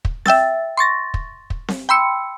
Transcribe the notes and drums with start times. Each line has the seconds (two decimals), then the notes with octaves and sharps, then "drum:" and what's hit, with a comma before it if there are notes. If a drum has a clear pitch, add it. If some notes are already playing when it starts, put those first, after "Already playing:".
0.05 drum: kick
0.26 E5 G5 E6 A6, drum: snare C4
0.77 C6 C#6 A6 A#6
1.14 drum: kick
1.50 drum: kick
1.68 drum: snare C4
1.89 G5 B5 C6 E6 C#7